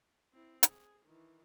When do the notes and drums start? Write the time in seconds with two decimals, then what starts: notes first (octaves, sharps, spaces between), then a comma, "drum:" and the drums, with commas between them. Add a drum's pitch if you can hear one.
0.33 C4 E4
0.63 G#4, drum: hi-hat
1.06 D#3 E3